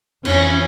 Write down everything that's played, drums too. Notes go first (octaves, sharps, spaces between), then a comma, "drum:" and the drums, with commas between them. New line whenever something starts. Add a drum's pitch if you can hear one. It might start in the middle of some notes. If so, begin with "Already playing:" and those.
F2 E3 C#4, drum: cymbal